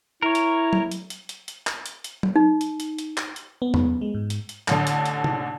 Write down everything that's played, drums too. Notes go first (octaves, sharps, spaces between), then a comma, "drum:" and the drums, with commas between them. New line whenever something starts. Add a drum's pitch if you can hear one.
E4 A#4 C#5
drum: hi-hat
drum: tom F#3
drum: hi-hat
drum: hi-hat
drum: hi-hat
drum: hi-hat
drum: clap
drum: hi-hat
drum: hi-hat
drum: tom F#3
D#4
drum: hi-hat
drum: hi-hat
drum: hi-hat
drum: clap
drum: hi-hat
B3
drum: tom
G#3
G#2
drum: hi-hat
drum: hi-hat
A1 D3, drum: clap
drum: hi-hat
drum: hi-hat
drum: tom C3